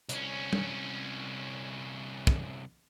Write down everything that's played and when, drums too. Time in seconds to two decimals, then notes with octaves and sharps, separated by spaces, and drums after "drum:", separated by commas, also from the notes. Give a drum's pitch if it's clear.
0.09 C2 C#4, drum: hi-hat
0.53 drum: tom
2.27 drum: kick